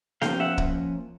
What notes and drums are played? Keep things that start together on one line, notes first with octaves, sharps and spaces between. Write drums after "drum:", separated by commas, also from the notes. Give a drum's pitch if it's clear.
F3 A#3 C#4 F5 G5, drum: snare B3
E5 F#5
drum: kick